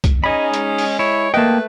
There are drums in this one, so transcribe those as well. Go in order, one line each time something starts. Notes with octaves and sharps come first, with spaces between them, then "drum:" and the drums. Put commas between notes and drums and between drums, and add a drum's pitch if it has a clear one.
drum: kick, hi-hat
C#4 D#4 G#4 D#5 B5
G#3, drum: hi-hat
drum: open hi-hat
E4 C#5
A3 A#3 B4 D#5 G5 A5